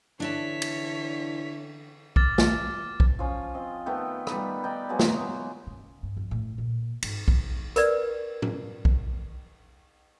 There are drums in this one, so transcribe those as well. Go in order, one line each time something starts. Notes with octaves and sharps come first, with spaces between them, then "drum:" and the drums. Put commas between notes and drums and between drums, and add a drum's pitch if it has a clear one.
D3 E3 D4 C#5 E5 A5 B6
drum: cymbal
D6 F6 A6, drum: kick B1
drum: snare
drum: kick B1
F3 C#4 F4
C4 D#5
D#3 A3 B3 G5
G3 B3 D#4 B5, drum: rim click
D#4 D5 G5
F#3 G#3 A#3 B3
drum: snare
C#3
G2
F2
A2
A#2
G#2, drum: cymbal
F#3, drum: kick B1
A#4 B4 D5, drum: hi-hat
drum: tom
drum: kick B1